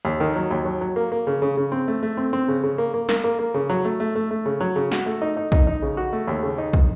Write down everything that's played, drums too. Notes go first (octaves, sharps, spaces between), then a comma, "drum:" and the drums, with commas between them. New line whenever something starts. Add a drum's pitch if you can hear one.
D#2
D#3
F#3
D#2
F#3
F#3
A#3
A#3
C#3
C#3
C#3
C4
A3
A3
C4
C4
C#3
C#3
A#3
A#3
A#3, drum: snare
A#3
A#3
C#3
F#3
A3
A3
A3
A3
C#3
F#3
C#3
F#4, drum: snare
A3
D#4
D#4
D#4, drum: kick
D#4
C#3
F#4
A3
D#2
C#3
D#4
drum: kick